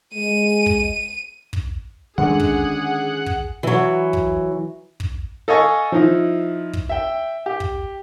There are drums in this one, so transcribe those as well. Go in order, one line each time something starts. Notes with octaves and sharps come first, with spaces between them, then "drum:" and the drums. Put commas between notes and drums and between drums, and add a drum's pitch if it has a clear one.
G#3 D#7
drum: kick
drum: kick
D3 D#3 F#3 G#3 C#4 G#4 F#5
drum: kick
drum: kick
E3 F#3
drum: kick
drum: kick
A4 D#5 F5 G#5 C#6
F3 D#4 E4
drum: kick
E5 G5
G4
drum: kick